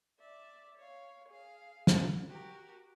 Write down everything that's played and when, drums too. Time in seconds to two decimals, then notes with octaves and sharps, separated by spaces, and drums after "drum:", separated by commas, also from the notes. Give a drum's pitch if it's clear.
0.19 D5 E5
0.77 C#5 F5
1.28 G#4 F5
1.87 drum: snare
2.27 F#4 G4 A#4